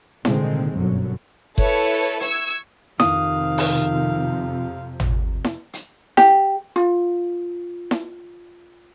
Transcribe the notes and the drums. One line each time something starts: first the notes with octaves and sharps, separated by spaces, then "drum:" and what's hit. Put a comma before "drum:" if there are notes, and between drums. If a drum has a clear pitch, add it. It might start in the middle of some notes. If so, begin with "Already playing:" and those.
C2 A#2 D3 D#3 G#3 C4, drum: snare E4
G1 F#2 B2 D3 F#3
E4 A4 B4 C#5, drum: kick F#1
C#6 E6 G#6, drum: hi-hat
F2 C3 D#3 F3 F5 D#6, drum: snare E4
drum: open hi-hat
drum: tom G#1
drum: snare E4
drum: hi-hat
G4, drum: snare E4
F4
drum: snare E4